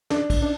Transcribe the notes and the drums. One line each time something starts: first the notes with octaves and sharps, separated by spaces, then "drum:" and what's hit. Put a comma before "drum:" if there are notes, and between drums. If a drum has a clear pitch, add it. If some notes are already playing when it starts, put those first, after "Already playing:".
D4, drum: snare
drum: kick, cymbal
D4